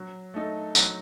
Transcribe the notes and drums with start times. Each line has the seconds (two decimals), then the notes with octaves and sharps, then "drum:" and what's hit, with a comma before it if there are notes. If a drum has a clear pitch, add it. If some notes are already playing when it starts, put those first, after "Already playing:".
Already playing: F#3
0.34 A3 D#4 A4
0.75 F#3, drum: tambourine